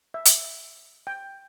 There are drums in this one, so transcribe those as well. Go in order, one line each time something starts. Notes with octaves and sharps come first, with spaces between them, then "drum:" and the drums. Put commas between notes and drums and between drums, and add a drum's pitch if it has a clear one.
E5
drum: hi-hat
G5